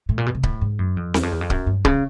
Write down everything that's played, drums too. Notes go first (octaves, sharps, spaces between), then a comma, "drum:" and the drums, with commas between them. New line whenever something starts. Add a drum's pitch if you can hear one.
A2
A#2
B2
C3
A2, drum: kick C#1
G#2
F#2
F2
E2, drum: snare C4
F2
E2
F2
F#2, drum: kick C#1
G2
C#3, drum: kick C#1